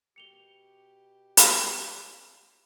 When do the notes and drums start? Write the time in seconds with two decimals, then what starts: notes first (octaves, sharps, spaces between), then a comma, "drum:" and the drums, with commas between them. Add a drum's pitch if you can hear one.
0.16 B2 G4 C#7 F7 G7
1.37 drum: hi-hat